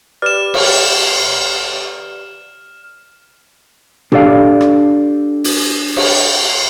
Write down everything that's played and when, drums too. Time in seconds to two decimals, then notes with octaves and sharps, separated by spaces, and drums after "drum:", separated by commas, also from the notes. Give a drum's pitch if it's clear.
0.22 G4 B4 D5 F6 E7
0.54 drum: cymbal
4.12 D4 G4 A4 D5 F5, drum: tom A#2
4.61 drum: rim click
5.44 drum: open hi-hat
5.96 drum: cymbal